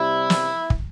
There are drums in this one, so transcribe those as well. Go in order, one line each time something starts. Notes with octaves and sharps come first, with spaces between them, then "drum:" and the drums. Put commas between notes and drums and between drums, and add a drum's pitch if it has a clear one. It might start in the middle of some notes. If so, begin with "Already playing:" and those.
Already playing: C3 G3 E4
drum: snare
drum: kick